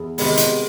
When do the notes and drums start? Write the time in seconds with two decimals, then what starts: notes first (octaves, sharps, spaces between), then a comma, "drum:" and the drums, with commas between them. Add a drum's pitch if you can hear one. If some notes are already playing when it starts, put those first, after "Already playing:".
Already playing: E2
0.18 C3 D#3 G#3 B3, drum: open hi-hat
0.37 drum: hi-hat